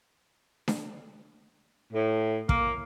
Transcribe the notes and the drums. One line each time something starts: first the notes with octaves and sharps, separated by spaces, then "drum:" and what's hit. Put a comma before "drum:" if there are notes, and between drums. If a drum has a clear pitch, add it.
drum: snare D4
A2
A#3, drum: kick